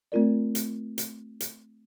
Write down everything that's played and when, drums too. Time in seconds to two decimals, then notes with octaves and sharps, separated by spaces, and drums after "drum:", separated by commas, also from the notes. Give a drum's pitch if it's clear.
0.12 A3 C4 F4 A#4 D5
0.55 drum: hi-hat
0.98 drum: hi-hat
1.40 drum: hi-hat